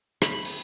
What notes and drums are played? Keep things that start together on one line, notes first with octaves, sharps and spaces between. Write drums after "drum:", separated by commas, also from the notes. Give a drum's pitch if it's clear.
B5, drum: rim click
drum: open hi-hat